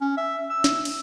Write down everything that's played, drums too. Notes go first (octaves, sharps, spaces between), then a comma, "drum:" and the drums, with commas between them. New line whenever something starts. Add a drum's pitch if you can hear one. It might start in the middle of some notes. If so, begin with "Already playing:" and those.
C#4
E5
E6
drum: snare
drum: cymbal